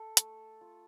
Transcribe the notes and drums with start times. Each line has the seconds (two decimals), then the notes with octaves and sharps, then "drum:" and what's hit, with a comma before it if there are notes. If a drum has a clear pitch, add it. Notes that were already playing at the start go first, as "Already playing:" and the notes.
Already playing: A4
0.17 A3, drum: hi-hat
0.61 F4